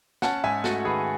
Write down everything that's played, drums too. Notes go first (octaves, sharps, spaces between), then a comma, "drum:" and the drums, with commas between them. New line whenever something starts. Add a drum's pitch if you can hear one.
C#4 F#5 A5, drum: snare
G#2 E5 G#5
A3 F#4 A4, drum: snare
D#3 G#4 B4